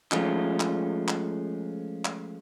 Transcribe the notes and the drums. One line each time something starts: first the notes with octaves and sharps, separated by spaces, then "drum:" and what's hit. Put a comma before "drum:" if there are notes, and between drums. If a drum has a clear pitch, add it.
F3 G#3 A3 C#4 F4, drum: clap
drum: clap
drum: clap
drum: clap